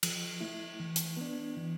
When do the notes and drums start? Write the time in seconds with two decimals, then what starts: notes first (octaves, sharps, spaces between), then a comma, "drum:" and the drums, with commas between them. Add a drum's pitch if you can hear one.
0.03 F3, drum: cymbal
0.41 A3 E4
0.80 E3
0.96 drum: hi-hat
1.17 B3 D4
1.57 E3